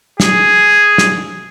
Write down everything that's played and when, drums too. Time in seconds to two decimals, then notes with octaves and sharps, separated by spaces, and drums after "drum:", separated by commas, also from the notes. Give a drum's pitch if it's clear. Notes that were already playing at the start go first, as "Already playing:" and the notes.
0.20 G#4, drum: snare
0.98 drum: snare